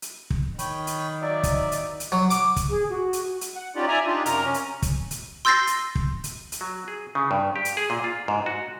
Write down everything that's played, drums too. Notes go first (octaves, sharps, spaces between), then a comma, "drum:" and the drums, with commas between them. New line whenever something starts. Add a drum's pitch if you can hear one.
drum: hi-hat
drum: kick
D#3 C#5 G5 B5, drum: hi-hat
drum: hi-hat
F#3 D#4 D5 E5
drum: kick, hi-hat
drum: hi-hat
drum: hi-hat
F#3
D6, drum: hi-hat
drum: kick, hi-hat
G#4
F#4
drum: hi-hat
drum: hi-hat
F#5
C#4 D#4 F4 G4 D5
D5 E5 G#5 A#5
D4 D#4 F4 G4
F#2 C3 A#4 A#5, drum: hi-hat
C#4
drum: hi-hat
drum: kick, hi-hat
drum: hi-hat
C6 E6 G6 A6 A#6 C7
drum: hi-hat
drum: kick
drum: hi-hat
drum: hi-hat
F#3
G#4
C#3
G2
G4
drum: hi-hat
G#4
A#2
F4
G#2
F#4